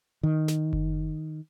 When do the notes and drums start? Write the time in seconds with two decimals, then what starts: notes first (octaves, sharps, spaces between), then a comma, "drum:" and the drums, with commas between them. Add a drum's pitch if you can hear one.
0.23 D#3
0.48 drum: snare
0.73 drum: kick F#1